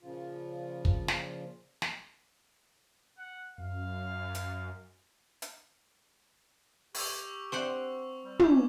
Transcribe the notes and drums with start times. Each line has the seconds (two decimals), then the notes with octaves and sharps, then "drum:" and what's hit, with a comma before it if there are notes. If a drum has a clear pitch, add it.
0.01 A#2 C#3 F3 F4
0.85 drum: kick
1.08 drum: snare
1.82 drum: snare
3.18 F#5
3.58 F#2 F5
4.35 drum: hi-hat
5.42 drum: hi-hat
6.95 G4 C#6 E6 F7, drum: open hi-hat
7.52 C4 C5 F#5
8.24 G3
8.39 C#4 D6 G6, drum: tom